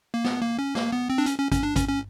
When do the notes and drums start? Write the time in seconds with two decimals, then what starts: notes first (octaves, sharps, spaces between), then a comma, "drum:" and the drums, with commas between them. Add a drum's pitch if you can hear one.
0.14 A#3
0.25 B3, drum: snare
0.42 A#3
0.59 C#4
0.75 A#3, drum: snare
0.92 B3
1.10 C4
1.18 D4
1.26 C#4, drum: hi-hat
1.38 C#4
1.52 C#4, drum: kick G#1, hi-hat
1.63 D4
1.76 C#4, drum: kick G#1, hi-hat
1.89 C#4